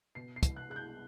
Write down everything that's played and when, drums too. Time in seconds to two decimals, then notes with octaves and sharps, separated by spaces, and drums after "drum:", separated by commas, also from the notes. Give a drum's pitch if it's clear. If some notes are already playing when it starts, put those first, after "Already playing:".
0.15 B2 C7
0.36 C7
0.43 C2, drum: kick, hi-hat
0.56 F#6
0.70 G#3 F#6
0.76 G6